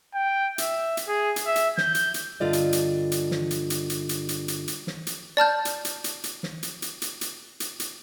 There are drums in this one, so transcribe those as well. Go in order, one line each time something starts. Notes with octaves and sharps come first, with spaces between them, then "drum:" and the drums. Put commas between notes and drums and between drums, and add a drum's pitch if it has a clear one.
G5
E5, drum: hi-hat
drum: hi-hat
G#4
drum: hi-hat
E5
drum: hi-hat
G6, drum: snare
drum: hi-hat
drum: hi-hat
G2 D3 F4 D5 D#5
drum: hi-hat
drum: hi-hat
drum: hi-hat
drum: snare
drum: hi-hat
drum: hi-hat
drum: hi-hat
drum: hi-hat
drum: hi-hat
drum: hi-hat
drum: hi-hat
drum: snare
drum: hi-hat
D5 A5 F6 G6
drum: hi-hat
drum: hi-hat
drum: hi-hat
drum: hi-hat
drum: snare
drum: hi-hat
drum: hi-hat
drum: hi-hat
drum: hi-hat
drum: hi-hat
drum: hi-hat